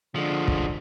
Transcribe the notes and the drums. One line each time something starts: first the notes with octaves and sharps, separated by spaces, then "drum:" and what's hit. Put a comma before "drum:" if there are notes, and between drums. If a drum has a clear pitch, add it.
D3 F3 G#3
drum: kick